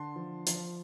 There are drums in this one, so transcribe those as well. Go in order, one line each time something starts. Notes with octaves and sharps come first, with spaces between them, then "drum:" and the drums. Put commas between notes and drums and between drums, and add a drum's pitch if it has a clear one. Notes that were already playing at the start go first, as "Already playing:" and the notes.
Already playing: D3 A5 C6
F3
F3, drum: hi-hat